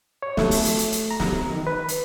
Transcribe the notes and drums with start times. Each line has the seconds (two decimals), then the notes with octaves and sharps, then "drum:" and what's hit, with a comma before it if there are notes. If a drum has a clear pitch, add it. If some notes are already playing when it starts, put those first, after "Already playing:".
0.22 C#5
0.37 A3, drum: snare
0.51 drum: open hi-hat
0.65 drum: hi-hat
0.78 drum: hi-hat
0.92 drum: hi-hat
1.11 A#5
1.20 drum: snare
1.51 D#3
1.67 B4
1.88 drum: hi-hat